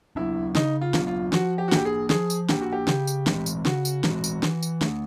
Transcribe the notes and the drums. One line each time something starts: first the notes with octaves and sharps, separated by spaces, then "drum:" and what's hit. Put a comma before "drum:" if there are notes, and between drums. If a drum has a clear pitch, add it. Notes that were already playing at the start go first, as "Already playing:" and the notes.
F#3 B3 D4 E4
C#3 D#4, drum: snare
F4
F#3 B3 D4, drum: snare
F4
F3 F#4, drum: snare
G4
F#4
A#3 D4 G4, drum: snare
G#4
F3 G#4, drum: snare
drum: tambourine
A#3 D4 G4, drum: snare
F#4
G4
C#3 G4, drum: snare
drum: tambourine
E3 G#3 C4, drum: snare
drum: tambourine
C#3 F#4, drum: snare
drum: tambourine
E3 G#3 C4, drum: snare
drum: tambourine
E3, drum: snare
drum: tambourine
A3, drum: snare
D4